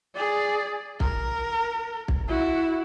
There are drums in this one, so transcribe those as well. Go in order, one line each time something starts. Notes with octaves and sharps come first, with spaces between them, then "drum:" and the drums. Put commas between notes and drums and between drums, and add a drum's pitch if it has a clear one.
G#4 D5
A#4, drum: kick
drum: kick
E4 F#4